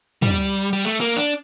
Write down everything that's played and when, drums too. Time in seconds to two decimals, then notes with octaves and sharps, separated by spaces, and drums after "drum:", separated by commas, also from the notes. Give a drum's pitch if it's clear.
0.22 G3, drum: tom
0.57 drum: open hi-hat
0.73 G3
0.85 A3
1.01 A#3
1.16 D4